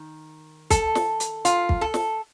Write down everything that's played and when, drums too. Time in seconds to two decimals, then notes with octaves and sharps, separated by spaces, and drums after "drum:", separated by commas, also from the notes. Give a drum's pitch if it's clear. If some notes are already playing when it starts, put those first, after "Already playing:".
Already playing: D#3
0.70 A4, drum: kick, hi-hat
0.95 drum: snare
1.20 drum: hi-hat
1.45 F4, drum: hi-hat
1.69 drum: kick
1.81 A4
1.94 drum: snare